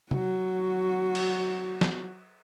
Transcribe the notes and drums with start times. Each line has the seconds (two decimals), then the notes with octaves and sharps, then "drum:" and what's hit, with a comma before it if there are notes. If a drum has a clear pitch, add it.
0.11 F#3 F#4, drum: tom
1.15 drum: cymbal
1.81 drum: snare